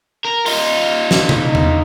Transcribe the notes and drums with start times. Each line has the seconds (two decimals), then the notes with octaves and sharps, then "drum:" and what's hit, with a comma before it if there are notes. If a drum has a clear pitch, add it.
0.25 A#4
0.46 D#4 F4, drum: open hi-hat
1.11 drum: snare
1.29 drum: tom C3
1.55 drum: tom